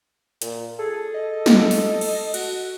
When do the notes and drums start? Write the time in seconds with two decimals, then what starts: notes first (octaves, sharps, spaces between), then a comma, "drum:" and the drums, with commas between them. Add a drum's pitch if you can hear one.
0.42 A#2, drum: hi-hat
0.79 G#4 A4
1.15 D#5
1.46 drum: snare
1.71 drum: open hi-hat
2.01 drum: cymbal
2.34 F#4, drum: cymbal